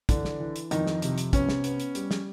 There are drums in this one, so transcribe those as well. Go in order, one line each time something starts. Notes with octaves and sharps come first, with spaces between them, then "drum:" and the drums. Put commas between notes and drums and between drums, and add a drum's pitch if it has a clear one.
D3 E3 D4, drum: kick, hi-hat
drum: snare
E3
drum: hi-hat
F2 D#3 D#4, drum: hi-hat
drum: snare
C3, drum: hi-hat
drum: hi-hat
B3 C#4, drum: kick, hi-hat
drum: snare
B3, drum: hi-hat
drum: hi-hat
G3, drum: hi-hat
drum: snare